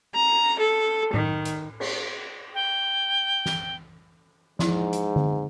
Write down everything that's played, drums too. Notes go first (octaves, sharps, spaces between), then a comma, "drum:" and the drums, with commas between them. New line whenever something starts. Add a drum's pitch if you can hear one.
A#5, drum: cymbal
A4
D#3, drum: tom A2
drum: hi-hat
drum: cymbal
G5
drum: snare
G#2 F3 E4, drum: snare
drum: hi-hat
drum: tom D3